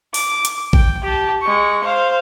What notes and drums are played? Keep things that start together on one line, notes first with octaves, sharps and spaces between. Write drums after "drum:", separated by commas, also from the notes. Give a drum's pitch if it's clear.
D6, drum: open hi-hat
drum: hi-hat
G5, drum: kick A1
G4 A5
G#3 C#6
C5 F5